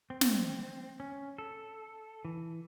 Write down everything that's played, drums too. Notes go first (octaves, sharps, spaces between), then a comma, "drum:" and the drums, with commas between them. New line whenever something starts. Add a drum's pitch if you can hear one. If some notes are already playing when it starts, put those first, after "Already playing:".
C4
drum: snare
C#4
A4
E3